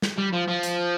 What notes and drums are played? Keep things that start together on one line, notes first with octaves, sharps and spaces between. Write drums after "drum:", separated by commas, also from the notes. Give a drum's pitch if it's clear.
drum: snare
G3
F3
F3
drum: hi-hat